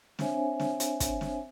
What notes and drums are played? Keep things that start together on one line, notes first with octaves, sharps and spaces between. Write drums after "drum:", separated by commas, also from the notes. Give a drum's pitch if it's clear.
C4 D4 C5 C#5 E5 G#5, drum: snare
drum: snare
drum: hi-hat
drum: kick, hi-hat
drum: snare